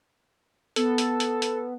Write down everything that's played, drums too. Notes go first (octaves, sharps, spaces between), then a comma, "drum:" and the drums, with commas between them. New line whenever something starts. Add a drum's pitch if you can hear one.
B3 A4, drum: hi-hat
drum: hi-hat
drum: hi-hat
drum: hi-hat